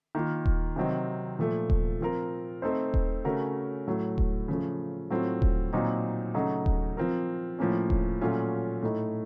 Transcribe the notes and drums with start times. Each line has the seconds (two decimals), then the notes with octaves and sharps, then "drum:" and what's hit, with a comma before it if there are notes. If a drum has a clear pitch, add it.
0.15 D#3 A#3 F4
0.46 drum: kick D#1
0.76 C3 D#3 F#3 C4 D#4
1.39 A#2 F3 A3
1.70 drum: kick D#1
2.01 F3 C4 F4 A#4
2.62 A3 C4 D#4 A4 C5
2.94 drum: kick D#1
3.25 C#3 A3 C#4 F#4 A#4
3.87 A2 F#3 A3
4.18 drum: kick D#1
4.48 C#3 F3 A3
5.11 A2 F#3 A3 C4 F4
5.42 drum: kick D#1
5.73 A#2 F#3 C4 D#4
6.34 C#3 F#3 A3 D#4 F#4
6.66 drum: kick D#1
6.97 F3 C4 F4 A#4
7.59 A2 F3 A#3 C#4
7.90 drum: kick D#1
8.21 A#2 F#3 A3 C#4 F4
8.82 A2 A3 D#4